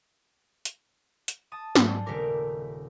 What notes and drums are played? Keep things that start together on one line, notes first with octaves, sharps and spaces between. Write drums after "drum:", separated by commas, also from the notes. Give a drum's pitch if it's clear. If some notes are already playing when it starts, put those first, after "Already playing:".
drum: hi-hat
drum: hi-hat
A5 D#6 D#7
G#2 F#3 D4 A5, drum: snare
G3 C4 G#4
D#1 C#3 A3 G4 A#4 D6